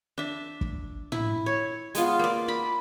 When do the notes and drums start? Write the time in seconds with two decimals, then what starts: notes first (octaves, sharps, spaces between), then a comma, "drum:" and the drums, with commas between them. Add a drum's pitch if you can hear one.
0.18 D4 E5
0.61 drum: kick
1.12 E4, drum: tom
1.46 C#5
1.95 G#3 B3 F4, drum: hi-hat
2.19 A#3 D5
2.48 D5 B5